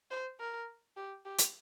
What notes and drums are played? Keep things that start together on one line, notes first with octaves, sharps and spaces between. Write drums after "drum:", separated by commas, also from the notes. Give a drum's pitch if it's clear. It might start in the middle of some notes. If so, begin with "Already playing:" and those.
C5
A#4
G4
G4
drum: hi-hat